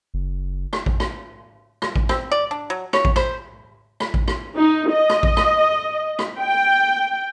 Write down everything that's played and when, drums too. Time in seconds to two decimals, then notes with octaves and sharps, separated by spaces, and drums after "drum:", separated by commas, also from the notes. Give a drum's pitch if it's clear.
0.14 F#1
0.73 drum: rim click
0.86 drum: kick A1
1.00 drum: rim click
1.82 drum: rim click
1.96 drum: kick A1
2.09 C4, drum: rim click
2.32 D5
2.51 D4
2.70 F#3
2.93 C#5, drum: rim click
3.05 drum: kick A1
3.16 C5, drum: rim click
4.00 drum: rim click
4.14 drum: kick A1
4.28 drum: rim click
4.56 D#4
4.91 D#5
5.09 drum: rim click
5.23 drum: kick A1
5.37 drum: rim click
6.19 drum: rim click
6.39 G5